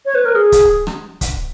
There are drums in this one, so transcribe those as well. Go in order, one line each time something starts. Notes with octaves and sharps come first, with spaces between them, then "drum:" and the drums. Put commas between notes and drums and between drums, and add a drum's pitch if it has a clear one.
C#5
B4
A#4
G#4
drum: kick, hi-hat
drum: rim click
drum: kick, hi-hat